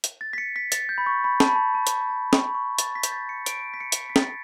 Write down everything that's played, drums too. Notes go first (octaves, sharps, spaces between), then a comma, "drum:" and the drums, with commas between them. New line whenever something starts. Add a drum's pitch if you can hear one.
drum: hi-hat
A6
B6
C#7
B6
A6, drum: hi-hat
G6
B5
C#6
B5
A5, drum: snare
B5
A5
A5
drum: hi-hat
A5
C#6, drum: snare
B5
C#6
A6, drum: hi-hat
B6
G6, drum: hi-hat
A6
C#7
D7, drum: hi-hat
B6
C#7
drum: hi-hat
B6
A6, drum: snare